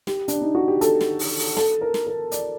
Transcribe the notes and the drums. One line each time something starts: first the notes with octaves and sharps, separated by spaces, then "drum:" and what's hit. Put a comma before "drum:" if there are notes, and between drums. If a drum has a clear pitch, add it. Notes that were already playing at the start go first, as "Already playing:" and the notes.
G4, drum: snare
D4, drum: hi-hat
D#4
F#4
G4
A4, drum: hi-hat
drum: snare
drum: open hi-hat
drum: open hi-hat
A4, drum: snare
A#4
drum: snare
A#4
D5, drum: hi-hat